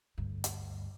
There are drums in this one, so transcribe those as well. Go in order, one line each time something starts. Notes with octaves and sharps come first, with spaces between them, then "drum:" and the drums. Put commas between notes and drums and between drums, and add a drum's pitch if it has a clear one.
D2 G2
drum: hi-hat